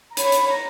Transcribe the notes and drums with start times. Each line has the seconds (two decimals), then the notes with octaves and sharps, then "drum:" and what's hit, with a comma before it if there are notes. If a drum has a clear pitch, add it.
0.11 A#5
0.17 C#5 B5, drum: hi-hat
0.32 drum: hi-hat
0.48 A#5